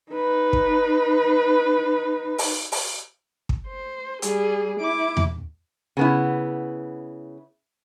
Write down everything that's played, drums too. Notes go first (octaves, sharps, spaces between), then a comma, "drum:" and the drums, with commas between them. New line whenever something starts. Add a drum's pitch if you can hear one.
D#4 B4
drum: kick
drum: open hi-hat
drum: open hi-hat
drum: kick
C5
G3 G#4, drum: hi-hat
E4 D6
drum: tom E2
C#3 B3 E4